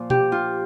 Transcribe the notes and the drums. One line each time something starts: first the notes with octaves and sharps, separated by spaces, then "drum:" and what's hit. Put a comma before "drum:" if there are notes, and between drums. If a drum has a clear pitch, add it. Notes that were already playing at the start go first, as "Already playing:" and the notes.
Already playing: A#2 F3
G4, drum: tom B2
F4